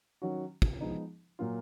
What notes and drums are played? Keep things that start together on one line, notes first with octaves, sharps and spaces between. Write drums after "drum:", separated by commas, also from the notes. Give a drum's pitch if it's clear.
D#3 F#3 C#4 F#4
drum: kick
F3 G#3 B3 D#4
A#2 F#3 A#3 F4